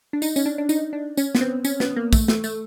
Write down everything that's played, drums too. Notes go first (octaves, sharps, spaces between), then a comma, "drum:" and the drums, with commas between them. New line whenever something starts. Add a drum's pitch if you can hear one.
D4
D#4, drum: tambourine
C#4, drum: tambourine
D4
D4
D#4, drum: tambourine
D4
C#4, drum: tambourine
B3, drum: snare
C4
C#4, drum: tambourine
B3, drum: snare
A#3
A3, drum: kick, tambourine
A3, drum: snare
A3, drum: tambourine